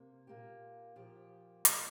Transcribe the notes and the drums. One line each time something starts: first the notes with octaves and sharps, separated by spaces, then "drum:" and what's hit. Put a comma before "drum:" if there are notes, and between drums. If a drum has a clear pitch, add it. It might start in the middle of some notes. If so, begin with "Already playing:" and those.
Already playing: C3 A#3
A#2 A#3 G4
A#2 F3 A#3 G4
C3 F3 A#3, drum: hi-hat